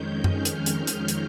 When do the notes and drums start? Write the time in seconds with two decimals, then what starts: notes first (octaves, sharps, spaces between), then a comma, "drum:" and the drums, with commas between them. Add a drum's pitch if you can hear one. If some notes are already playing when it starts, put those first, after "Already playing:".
Already playing: F2 D#3 G#3 C#4 G6
0.24 F6, drum: tom F#2
0.45 drum: hi-hat
0.66 drum: hi-hat
0.87 drum: hi-hat
1.08 drum: hi-hat